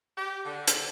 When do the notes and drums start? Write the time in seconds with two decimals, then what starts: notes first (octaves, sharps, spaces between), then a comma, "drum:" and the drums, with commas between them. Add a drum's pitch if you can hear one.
0.17 G4
0.45 D3
0.67 drum: hi-hat